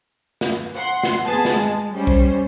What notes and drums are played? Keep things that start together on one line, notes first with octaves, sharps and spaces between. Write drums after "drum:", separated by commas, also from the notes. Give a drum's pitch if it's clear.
drum: snare
F#5 C6
drum: snare
B3 G#4 A5
drum: snare
G#3
G3 C#4 C5
drum: kick